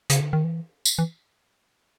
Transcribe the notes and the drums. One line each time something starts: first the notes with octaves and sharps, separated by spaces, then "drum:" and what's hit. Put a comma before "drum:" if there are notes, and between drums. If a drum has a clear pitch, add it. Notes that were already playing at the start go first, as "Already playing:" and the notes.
C#3, drum: hi-hat
D3
D#3
E3
drum: tambourine
E3